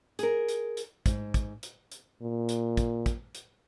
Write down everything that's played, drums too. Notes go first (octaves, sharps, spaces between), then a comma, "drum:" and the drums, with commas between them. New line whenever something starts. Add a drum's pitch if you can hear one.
G#4 A#4, drum: hi-hat
drum: hi-hat
drum: hi-hat
G#2, drum: kick, hi-hat
drum: kick, hi-hat
drum: hi-hat
drum: hi-hat
A#2
drum: hi-hat
drum: kick, hi-hat
drum: kick, hi-hat
drum: hi-hat